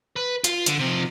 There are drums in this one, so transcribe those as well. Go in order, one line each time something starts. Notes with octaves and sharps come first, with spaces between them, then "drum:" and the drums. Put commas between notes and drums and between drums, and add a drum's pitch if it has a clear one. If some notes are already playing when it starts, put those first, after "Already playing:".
B4
F4, drum: hi-hat
D3, drum: hi-hat
C3 F3